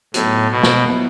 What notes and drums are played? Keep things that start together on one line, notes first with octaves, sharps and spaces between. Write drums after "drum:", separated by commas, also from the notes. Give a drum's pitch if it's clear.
A2 F#3 B3 D#4 F#4, drum: hi-hat
B2
drum: snare
F#3 B3 E4